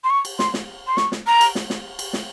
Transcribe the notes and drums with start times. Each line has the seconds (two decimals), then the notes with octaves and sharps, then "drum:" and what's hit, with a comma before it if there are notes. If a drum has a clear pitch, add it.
0.04 C6
0.10 C#6
0.25 drum: cymbal
0.39 C6, drum: snare
0.54 drum: snare
0.87 C6
0.97 C#6, drum: snare
1.12 drum: snare
1.27 A#5
1.41 drum: cymbal
1.55 drum: snare
1.70 drum: snare
1.99 drum: cymbal
2.13 drum: snare